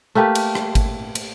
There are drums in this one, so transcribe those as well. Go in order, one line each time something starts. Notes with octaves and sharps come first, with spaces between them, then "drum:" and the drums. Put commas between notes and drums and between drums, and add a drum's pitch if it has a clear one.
A3 A#3 G4 B4
drum: cymbal
drum: rim click
drum: kick G#1, cymbal
drum: cymbal